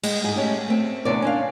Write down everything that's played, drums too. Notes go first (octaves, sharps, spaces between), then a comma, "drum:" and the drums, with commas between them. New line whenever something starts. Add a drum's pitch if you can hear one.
G#3, drum: cymbal
G#2 G#4
G#3 A3 C#4 G4
A3 C4
E2 C3 B3 D4 C#5 D5
C#4 D4 F5